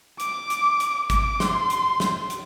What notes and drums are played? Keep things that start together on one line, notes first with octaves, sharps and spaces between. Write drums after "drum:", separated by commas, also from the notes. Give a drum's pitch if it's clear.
D6, drum: hi-hat
drum: hi-hat
drum: hi-hat
D6, drum: kick, hi-hat
C6, drum: snare
drum: hi-hat
drum: snare
drum: hi-hat